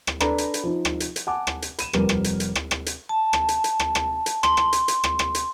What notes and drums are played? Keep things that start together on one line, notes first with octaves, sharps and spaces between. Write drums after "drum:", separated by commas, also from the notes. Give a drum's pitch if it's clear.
drum: rim click
D4 A4 B4 A#5 B5, drum: rim click
drum: hi-hat
drum: hi-hat
F3 D#4
drum: rim click
drum: hi-hat
drum: hi-hat
F#5 G#5 A5 D6
drum: rim click
drum: hi-hat
B5 D#7 E7, drum: hi-hat
F1 G3 A#4 B4, drum: rim click
drum: rim click
drum: hi-hat
drum: hi-hat
drum: rim click
drum: rim click
drum: hi-hat
A5
drum: rim click
drum: hi-hat
drum: hi-hat
drum: rim click
drum: rim click
drum: hi-hat
C6, drum: rim click
drum: rim click
drum: hi-hat
drum: hi-hat
drum: rim click
drum: rim click
drum: hi-hat